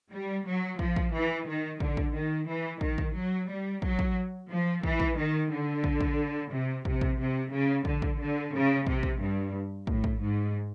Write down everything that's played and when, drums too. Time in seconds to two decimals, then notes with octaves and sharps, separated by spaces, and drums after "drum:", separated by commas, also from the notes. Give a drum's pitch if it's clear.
0.12 G3
0.46 F#3
0.79 F3, drum: kick
0.96 drum: kick
1.13 E3
1.46 D#3
1.80 D3, drum: kick
1.97 drum: kick
2.14 D#3
2.47 E3
2.81 D#3, drum: kick
2.98 drum: kick
3.14 F#3
3.49 G3
3.82 F#3, drum: kick
3.99 drum: kick
4.50 F3
4.83 E3, drum: kick
5.00 drum: kick
5.17 D#3
5.50 D3
5.84 drum: kick
6.01 drum: kick
6.50 C3
6.85 C3, drum: kick
7.01 drum: kick
7.18 C3
7.51 C#3
7.85 D3, drum: kick
8.02 drum: kick
8.19 D3
8.53 C#3
8.87 C3, drum: kick
9.03 drum: kick
9.20 G2
9.87 A2, drum: kick
10.04 drum: kick
10.21 G#2